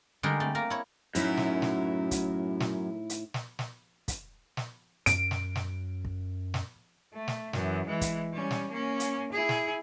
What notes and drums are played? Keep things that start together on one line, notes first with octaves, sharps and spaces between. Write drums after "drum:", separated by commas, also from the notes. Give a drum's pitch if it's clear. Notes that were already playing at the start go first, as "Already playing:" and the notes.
D3 G3 G#3 G#4 A#4
A3 C4
A#3 A#4
E4 C#5
F#2 A2 D#4 E4, drum: hi-hat
drum: snare
drum: snare
drum: kick, hi-hat
drum: snare
drum: hi-hat
drum: snare
drum: snare
drum: kick, hi-hat
drum: snare
F#2 D7, drum: hi-hat
drum: snare
drum: snare
drum: kick
drum: snare
A3
drum: snare
F#2 E3, drum: snare
E3 G#3
drum: kick, hi-hat
G3 C#4
drum: snare
A#3 C#4
drum: hi-hat
E4 G#4
drum: snare